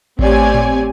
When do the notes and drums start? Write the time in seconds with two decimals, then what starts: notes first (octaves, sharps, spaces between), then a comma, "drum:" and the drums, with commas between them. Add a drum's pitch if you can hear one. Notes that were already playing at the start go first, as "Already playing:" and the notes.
0.19 A3 C4 G4 C#5 D5 G#5, drum: kick A1
0.54 drum: tom A2